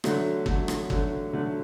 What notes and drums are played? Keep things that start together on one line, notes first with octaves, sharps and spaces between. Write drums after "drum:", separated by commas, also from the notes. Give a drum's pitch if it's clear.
D3 F#3 A3, drum: rim click
D3 F#3 A3, drum: kick
drum: rim click
D3 F#3 A3, drum: kick
D3 F#3 A3